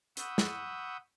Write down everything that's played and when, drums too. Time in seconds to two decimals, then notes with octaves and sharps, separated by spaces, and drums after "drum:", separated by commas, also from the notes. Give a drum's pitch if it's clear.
0.17 F#5 B5 C#6 D#6 E6 G6, drum: hi-hat
0.38 drum: snare